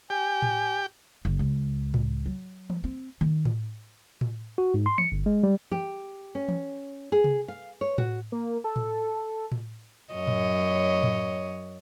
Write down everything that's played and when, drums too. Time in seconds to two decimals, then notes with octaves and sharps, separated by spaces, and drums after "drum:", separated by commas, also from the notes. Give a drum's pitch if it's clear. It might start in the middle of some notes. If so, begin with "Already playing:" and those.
0.10 G4 G5 G#5
0.42 drum: tom A2
1.25 F#1
1.39 C#2
1.94 drum: tom A2
2.26 F#3
2.70 drum: tom E3
2.84 C4
3.21 D#3
3.45 drum: tom A2
4.21 drum: tom A2
4.58 F#4
4.74 G#2
4.86 C6
4.98 C#7, drum: tom E3
5.12 G1
5.26 G#3
5.43 G3
5.72 G4, drum: tom E3
6.35 C#4
6.49 drum: tom E3
7.12 G#4
7.24 drum: tom C3
7.48 F5
7.81 C#5
7.98 F#4, drum: tom A2
8.32 A#3
8.64 A4
8.76 drum: tom A2
9.52 drum: tom A2
10.13 F#2 C#5 D#5
10.27 drum: tom A2
11.03 drum: tom A2